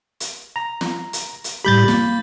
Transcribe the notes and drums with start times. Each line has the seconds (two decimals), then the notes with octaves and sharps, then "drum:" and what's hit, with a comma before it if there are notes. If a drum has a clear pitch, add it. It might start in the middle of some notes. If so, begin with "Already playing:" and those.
0.20 drum: hi-hat
0.56 A#5
0.81 drum: snare
1.13 drum: hi-hat
1.44 drum: hi-hat
1.65 A2 G3 G4 B5 G6 A6
1.88 A#3, drum: snare